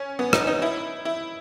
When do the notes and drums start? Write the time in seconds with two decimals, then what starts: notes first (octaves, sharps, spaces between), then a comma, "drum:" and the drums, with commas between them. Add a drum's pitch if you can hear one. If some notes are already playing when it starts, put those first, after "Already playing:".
Already playing: C#4
0.19 B3
0.33 D#4, drum: rim click
0.47 D#4
0.62 E4
1.05 E4